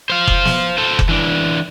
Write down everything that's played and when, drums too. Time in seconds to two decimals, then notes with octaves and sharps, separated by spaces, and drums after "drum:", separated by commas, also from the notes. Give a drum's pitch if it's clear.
0.10 C5 F5
0.27 drum: kick F1
0.45 drum: snare
0.78 A4 C5
0.99 drum: kick F1
1.09 E3 D4